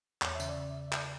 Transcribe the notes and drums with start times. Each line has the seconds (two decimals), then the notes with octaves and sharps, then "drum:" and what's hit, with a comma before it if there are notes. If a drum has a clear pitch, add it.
0.22 E2 C#5, drum: clap
0.35 E5
0.40 C#3, drum: tambourine
0.49 D5
0.93 drum: clap